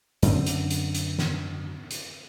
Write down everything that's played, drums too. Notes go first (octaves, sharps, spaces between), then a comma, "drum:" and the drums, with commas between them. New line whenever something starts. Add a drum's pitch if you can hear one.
F#2 D3 C4, drum: hi-hat
drum: hi-hat
drum: hi-hat
drum: hi-hat
drum: snare
drum: hi-hat